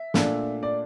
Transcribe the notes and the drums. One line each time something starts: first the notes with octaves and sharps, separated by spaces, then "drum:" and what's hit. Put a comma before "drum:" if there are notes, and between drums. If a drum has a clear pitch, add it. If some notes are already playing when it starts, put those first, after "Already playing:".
Already playing: E5
A#2 A3 D4, drum: snare
D5